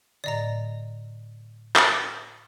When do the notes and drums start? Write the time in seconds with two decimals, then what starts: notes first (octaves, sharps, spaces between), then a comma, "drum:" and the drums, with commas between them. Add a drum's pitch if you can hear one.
0.24 A2 D3 D5 D#5 A#5
1.76 D#6 A6 A#6, drum: clap